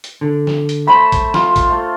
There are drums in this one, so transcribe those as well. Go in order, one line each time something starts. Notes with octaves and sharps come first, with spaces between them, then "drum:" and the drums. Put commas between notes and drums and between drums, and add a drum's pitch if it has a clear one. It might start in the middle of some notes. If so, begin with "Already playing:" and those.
drum: hi-hat
D3
drum: snare
drum: hi-hat
A3 C5 B5
drum: kick A#1, hi-hat
F4, drum: snare
drum: kick A#1, hi-hat
A3